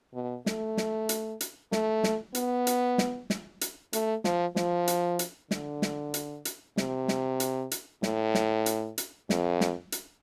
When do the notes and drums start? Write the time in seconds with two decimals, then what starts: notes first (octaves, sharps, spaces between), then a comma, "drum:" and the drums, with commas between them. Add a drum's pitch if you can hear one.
0.14 B2
0.46 A3, drum: snare
0.77 drum: snare
1.09 drum: hi-hat
1.41 drum: hi-hat
1.72 A3, drum: snare
2.04 drum: snare
2.35 B3, drum: hi-hat
2.67 drum: hi-hat
2.98 drum: snare
3.30 drum: snare
3.61 drum: hi-hat
3.93 A3, drum: hi-hat
4.24 F3, drum: snare
4.56 F3, drum: snare
4.88 drum: hi-hat
5.19 drum: hi-hat
5.51 D3, drum: snare
5.82 drum: snare
6.14 drum: hi-hat
6.45 drum: hi-hat
6.77 C3, drum: snare
7.08 drum: snare
7.40 drum: hi-hat
7.71 drum: hi-hat
8.03 A2, drum: snare
8.35 drum: snare
8.66 drum: hi-hat
8.98 drum: hi-hat
9.30 F2, drum: snare
9.61 drum: snare
9.92 drum: hi-hat